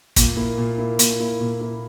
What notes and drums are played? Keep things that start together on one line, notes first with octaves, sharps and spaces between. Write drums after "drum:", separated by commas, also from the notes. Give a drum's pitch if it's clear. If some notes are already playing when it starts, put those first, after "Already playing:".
A#2, drum: kick, hi-hat
A#3 E4
A#2
A#3 E4
A#2, drum: hi-hat
A#3 E4
A#2
A#3 E4